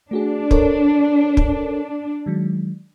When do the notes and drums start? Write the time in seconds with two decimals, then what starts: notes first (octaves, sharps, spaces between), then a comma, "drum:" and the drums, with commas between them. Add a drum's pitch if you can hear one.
0.11 A3 D4 F#4 G#4
0.51 A4 A#4 C#5, drum: kick
1.37 drum: kick
2.26 D#3 F#3 G#3